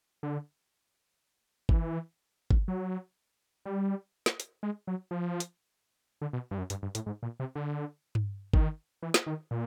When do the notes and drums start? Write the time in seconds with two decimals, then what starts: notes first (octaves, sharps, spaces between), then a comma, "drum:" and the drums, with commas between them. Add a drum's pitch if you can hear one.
0.23 D3
1.69 E3, drum: kick G1
2.51 drum: kick G1
2.68 F#3
3.65 G3
4.26 drum: snare
4.40 drum: hi-hat
4.63 G#3
4.87 F#3
5.11 F3
5.40 drum: hi-hat
6.21 D3
6.33 B2
6.51 G2
6.58 F#2
6.70 G2, drum: hi-hat
6.83 G2
6.95 A2, drum: hi-hat
7.06 G#2
7.23 A#2
7.40 C3
7.55 D3
8.15 drum: tom G2
8.54 D#3, drum: kick G1
9.03 E3
9.14 drum: snare
9.27 D#3
9.51 A#2